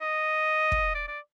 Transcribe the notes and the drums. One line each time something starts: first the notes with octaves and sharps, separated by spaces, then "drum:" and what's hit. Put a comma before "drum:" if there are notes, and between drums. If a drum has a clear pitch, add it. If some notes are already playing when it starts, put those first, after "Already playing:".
D#5
drum: kick
D5
D5